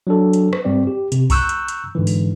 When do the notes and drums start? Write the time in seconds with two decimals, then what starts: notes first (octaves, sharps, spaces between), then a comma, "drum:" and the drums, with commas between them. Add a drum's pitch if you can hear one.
0.07 F#3 D4 A4
0.33 drum: hi-hat
0.53 drum: rim click
0.65 G#2 G3 C4 D5
0.87 G4
1.12 C3, drum: hi-hat
1.30 A#5 C#6 E6 F#6 G6, drum: kick B1, open hi-hat
1.49 drum: hi-hat
1.68 drum: hi-hat
1.95 G#2 D3 E3
2.07 drum: open hi-hat